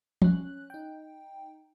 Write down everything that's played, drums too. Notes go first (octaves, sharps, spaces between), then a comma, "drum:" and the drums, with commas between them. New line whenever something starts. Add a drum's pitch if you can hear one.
C#4 F#6, drum: tom
D#4 G5